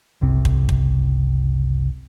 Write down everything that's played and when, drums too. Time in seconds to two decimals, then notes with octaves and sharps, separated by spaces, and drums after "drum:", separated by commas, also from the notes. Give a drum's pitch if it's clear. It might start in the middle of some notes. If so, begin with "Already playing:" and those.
0.21 F#1 C2 C3 C4
0.45 drum: kick
0.69 drum: kick